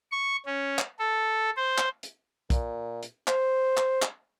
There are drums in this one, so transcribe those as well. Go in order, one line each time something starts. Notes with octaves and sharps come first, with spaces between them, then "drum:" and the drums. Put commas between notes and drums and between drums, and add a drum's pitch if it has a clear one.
C#6
C#4
drum: clap
A4
C5
drum: clap
drum: hi-hat
A#2, drum: kick, hi-hat
drum: hi-hat
C5, drum: clap
drum: clap
drum: clap